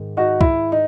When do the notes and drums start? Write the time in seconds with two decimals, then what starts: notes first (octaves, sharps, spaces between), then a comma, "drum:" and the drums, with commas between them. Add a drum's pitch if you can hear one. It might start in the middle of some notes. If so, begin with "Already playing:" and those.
Already playing: G#2 D#3 G#3
0.17 D#4 F#4
0.41 E4, drum: kick C2
0.72 D#4